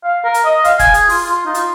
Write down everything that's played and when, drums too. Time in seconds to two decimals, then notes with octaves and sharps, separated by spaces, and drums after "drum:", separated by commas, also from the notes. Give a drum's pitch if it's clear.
0.04 F5
0.24 A#4
0.34 drum: hi-hat
0.44 D#5
0.65 F5, drum: hi-hat
0.79 G#5, drum: kick F1, hi-hat
0.94 G#4, drum: hi-hat
1.09 F4, drum: open hi-hat
1.24 F4
1.46 D#4
1.54 F4, drum: hi-hat